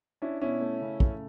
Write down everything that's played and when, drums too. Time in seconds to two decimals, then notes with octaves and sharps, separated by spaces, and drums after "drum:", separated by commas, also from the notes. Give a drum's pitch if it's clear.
0.22 C#4 D4 E4
0.42 B2 C#4 E4
0.61 A3
0.81 C#3
1.00 A3, drum: kick